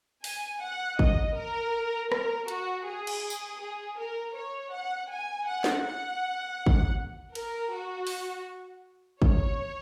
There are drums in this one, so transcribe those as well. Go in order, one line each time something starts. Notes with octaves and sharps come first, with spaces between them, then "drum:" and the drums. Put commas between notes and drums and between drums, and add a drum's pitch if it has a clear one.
G#5, drum: open hi-hat
F#5
D#5, drum: kick
A#4
A#4, drum: rim click
F#4, drum: hi-hat
G#4
drum: cymbal
drum: tambourine
G#4
A#4
C#5
F#5
G#5
F#5
drum: snare
F#5
drum: kick
A#4, drum: cymbal
F#4
drum: open hi-hat
C#5, drum: kick